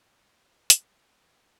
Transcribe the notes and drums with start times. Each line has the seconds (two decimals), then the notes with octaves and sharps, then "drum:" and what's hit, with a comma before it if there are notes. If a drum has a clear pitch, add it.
0.70 drum: hi-hat
0.86 G5
1.04 F#5 G5 A#5 C6
1.19 B4